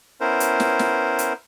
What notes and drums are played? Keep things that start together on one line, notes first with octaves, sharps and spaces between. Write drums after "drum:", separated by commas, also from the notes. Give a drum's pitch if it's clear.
B3 C#4 E4 A#4 C5
drum: hi-hat
drum: snare
drum: snare
drum: hi-hat